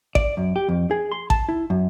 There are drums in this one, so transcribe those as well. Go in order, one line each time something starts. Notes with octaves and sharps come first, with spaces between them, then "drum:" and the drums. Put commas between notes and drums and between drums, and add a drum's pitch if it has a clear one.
D5, drum: kick A1
F#2
G4
F2
G#4
C6
A5, drum: kick A1
E4
F#2